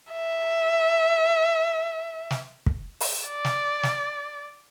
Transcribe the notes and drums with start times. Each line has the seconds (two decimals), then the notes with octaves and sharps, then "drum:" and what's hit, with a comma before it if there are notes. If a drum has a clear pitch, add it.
0.12 E5
2.31 drum: snare
2.66 drum: kick
3.00 drum: open hi-hat
3.28 D5
3.45 drum: snare
3.83 drum: snare